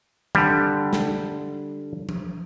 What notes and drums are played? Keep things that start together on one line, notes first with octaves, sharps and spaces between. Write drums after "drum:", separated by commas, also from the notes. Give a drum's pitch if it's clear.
D3 G3, drum: tom D#3
drum: snare
drum: tom F3